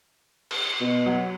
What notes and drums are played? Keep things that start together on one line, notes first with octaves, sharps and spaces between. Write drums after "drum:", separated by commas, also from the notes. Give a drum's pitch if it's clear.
drum: cymbal
B2
F#3